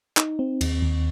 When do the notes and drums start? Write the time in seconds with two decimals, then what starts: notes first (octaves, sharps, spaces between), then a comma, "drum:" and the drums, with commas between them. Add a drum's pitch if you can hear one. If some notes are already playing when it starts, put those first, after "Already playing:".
0.17 D#4, drum: clap
0.39 C4
0.61 D#2, drum: cymbal
0.82 D#2